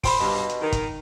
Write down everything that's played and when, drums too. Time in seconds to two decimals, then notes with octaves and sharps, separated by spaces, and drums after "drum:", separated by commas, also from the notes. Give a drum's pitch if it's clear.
0.04 C5 B5 C6 D7, drum: kick, open hi-hat
0.20 G2 B2
0.49 drum: hi-hat
0.61 D#3
0.72 drum: kick, hi-hat